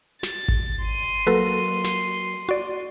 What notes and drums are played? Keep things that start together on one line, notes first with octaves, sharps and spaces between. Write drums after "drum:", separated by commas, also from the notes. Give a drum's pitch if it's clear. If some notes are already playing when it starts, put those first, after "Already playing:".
A6, drum: snare
drum: kick G#1
C6 D#7
F#3 A#3 F#4 A4 B4, drum: hi-hat
drum: snare
F#4 D5